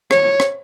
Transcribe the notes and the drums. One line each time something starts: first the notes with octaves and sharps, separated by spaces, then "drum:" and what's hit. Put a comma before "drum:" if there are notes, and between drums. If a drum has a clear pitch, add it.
C#5, drum: rim click
drum: rim click